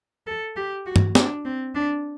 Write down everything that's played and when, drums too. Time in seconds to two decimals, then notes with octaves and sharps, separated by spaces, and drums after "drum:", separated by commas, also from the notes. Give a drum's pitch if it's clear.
0.27 A4
0.56 G4
0.86 F#4
0.96 drum: tom G2
1.15 D4, drum: snare
1.45 C4
1.75 D4